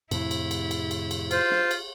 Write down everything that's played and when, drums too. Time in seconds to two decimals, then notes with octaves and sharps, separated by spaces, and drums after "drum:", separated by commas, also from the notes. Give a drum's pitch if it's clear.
0.11 F2 A2 C3 E4, drum: cymbal
0.31 drum: cymbal
0.51 drum: cymbal
0.71 drum: cymbal
0.91 drum: cymbal
1.11 drum: cymbal
1.31 F4 C5, drum: cymbal
1.51 drum: snare
1.71 drum: cymbal